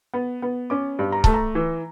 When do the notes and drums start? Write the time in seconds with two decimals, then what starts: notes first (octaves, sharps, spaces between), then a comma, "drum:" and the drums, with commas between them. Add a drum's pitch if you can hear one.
0.14 B3
0.42 B3
0.70 C#4 D6
0.99 G2
1.12 A#5
1.24 A3 A5, drum: kick C#1
1.34 A#5
1.55 E3